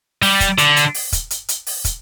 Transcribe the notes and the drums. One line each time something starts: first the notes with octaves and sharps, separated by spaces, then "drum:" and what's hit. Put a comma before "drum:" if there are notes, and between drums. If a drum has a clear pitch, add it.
G3, drum: open hi-hat
drum: kick, hi-hat
D3, drum: hi-hat
drum: hi-hat
drum: open hi-hat
drum: kick, hi-hat
drum: hi-hat
drum: hi-hat
drum: open hi-hat
drum: kick, hi-hat